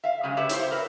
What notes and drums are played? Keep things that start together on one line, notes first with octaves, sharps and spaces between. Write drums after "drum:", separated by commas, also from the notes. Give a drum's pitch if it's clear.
E5 F5
C#3 F#3 G#3
G4 B4 C#5 E5
E4 G4 C5, drum: hi-hat
A#4 B4 E5